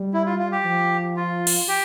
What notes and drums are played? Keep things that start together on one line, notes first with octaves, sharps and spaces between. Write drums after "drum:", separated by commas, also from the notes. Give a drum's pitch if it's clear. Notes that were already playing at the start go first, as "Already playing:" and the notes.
Already playing: G3
E4
F4
F4
G4
F3
F4
drum: cymbal
G4